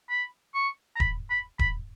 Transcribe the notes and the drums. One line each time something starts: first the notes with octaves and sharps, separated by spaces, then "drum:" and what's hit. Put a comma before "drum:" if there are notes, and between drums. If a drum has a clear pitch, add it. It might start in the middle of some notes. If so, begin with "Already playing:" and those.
B5
C#6
A#5
B5, drum: kick D#1
B5
B5, drum: kick D#1